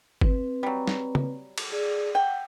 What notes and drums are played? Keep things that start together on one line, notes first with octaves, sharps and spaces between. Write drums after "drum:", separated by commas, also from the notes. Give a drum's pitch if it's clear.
C4 B4, drum: kick G1
F#3 G3
drum: snare
drum: tom C#3
drum: cymbal
G#4 D5
F#5 G5